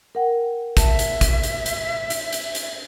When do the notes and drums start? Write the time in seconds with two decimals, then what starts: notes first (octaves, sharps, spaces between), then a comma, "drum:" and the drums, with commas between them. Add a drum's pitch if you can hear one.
0.15 A#4 F#5 G5
0.77 E5 A5, drum: kick, hi-hat
0.99 drum: hi-hat
1.21 drum: kick, hi-hat
1.43 drum: hi-hat
1.66 drum: hi-hat
2.10 drum: hi-hat
2.33 drum: hi-hat
2.55 drum: hi-hat